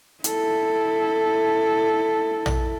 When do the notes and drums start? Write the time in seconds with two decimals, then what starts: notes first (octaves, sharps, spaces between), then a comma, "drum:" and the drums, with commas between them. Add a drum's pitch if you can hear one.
0.24 E4 A4, drum: hi-hat
2.46 drum: tom A#1